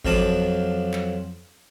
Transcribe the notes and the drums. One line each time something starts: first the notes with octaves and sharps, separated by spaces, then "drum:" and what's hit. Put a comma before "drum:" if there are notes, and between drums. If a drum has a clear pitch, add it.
F2 F3 F#3 F4 A5 D6, drum: kick G#1
drum: clap